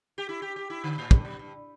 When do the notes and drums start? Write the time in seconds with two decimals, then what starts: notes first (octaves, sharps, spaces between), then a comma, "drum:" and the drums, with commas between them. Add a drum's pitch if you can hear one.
0.18 G4
0.29 E4
0.42 G4
0.56 G4
0.70 E4
0.84 D3
0.98 A2
1.11 G2, drum: kick
1.25 B2
1.39 G2